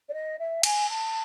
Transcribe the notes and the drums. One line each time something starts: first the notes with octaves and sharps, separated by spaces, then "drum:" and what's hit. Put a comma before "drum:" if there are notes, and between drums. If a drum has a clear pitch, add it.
D5
D#5
E5
G#5, drum: cymbal
A5